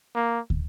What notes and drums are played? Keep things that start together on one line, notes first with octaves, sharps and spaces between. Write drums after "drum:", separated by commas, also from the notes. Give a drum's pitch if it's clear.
A#3
drum: kick